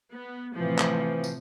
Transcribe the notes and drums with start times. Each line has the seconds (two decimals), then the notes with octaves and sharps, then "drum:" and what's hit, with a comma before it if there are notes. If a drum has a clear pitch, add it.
0.11 B3
0.56 A2 C3 E3 F3
0.79 drum: clap
1.24 drum: tambourine